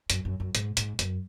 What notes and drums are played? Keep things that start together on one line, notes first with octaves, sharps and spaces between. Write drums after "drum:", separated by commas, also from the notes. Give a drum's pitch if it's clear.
F#2, drum: hi-hat
F#2
F#2
G#2, drum: hi-hat
G#2, drum: hi-hat
F#2, drum: hi-hat